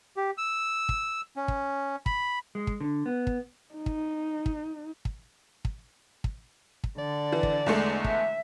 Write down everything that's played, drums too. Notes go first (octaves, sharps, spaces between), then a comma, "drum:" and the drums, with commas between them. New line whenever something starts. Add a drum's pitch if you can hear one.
G4
E6
drum: kick
C#4
drum: kick
B5, drum: kick
G#3
drum: kick
D3
B3
drum: kick
D#4
drum: kick
drum: kick
drum: kick
drum: kick
drum: kick
drum: kick
D3 D5
E3
drum: kick
E2 G#3 A3
E5, drum: kick